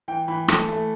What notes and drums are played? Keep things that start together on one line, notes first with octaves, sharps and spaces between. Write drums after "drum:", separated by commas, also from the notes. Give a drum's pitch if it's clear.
E3 G5
E3 B5
A3, drum: rim click
A3